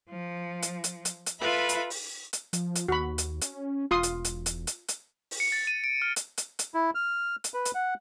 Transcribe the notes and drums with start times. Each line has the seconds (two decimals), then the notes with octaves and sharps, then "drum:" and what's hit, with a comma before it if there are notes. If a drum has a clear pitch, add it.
0.10 F3
0.62 drum: hi-hat
0.84 drum: hi-hat
1.05 drum: hi-hat
1.26 drum: hi-hat
1.40 F4 A4 B4 E5 B5
1.69 drum: hi-hat
1.90 drum: open hi-hat
2.33 drum: hi-hat
2.53 F3, drum: hi-hat
2.75 drum: hi-hat
2.88 D#2 F#4 B5
3.18 drum: hi-hat
3.41 C#4, drum: hi-hat
3.91 E1 F4 C6 D#6
4.03 drum: hi-hat
4.25 drum: hi-hat
4.46 drum: hi-hat
4.67 drum: hi-hat
4.88 drum: hi-hat
5.31 drum: open hi-hat
5.40 C#7
5.52 A6
5.67 D#7
5.84 D7
6.02 F6
6.16 drum: hi-hat
6.38 drum: hi-hat
6.59 drum: hi-hat
6.74 E4
6.95 F6
7.44 drum: hi-hat
7.54 B4
7.65 drum: hi-hat
7.75 F#5